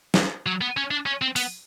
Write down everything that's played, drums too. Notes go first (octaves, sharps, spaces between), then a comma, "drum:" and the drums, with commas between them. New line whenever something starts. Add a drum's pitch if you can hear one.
drum: snare
F#3
B3
C#4
D4
C#4
C4
B3, drum: open hi-hat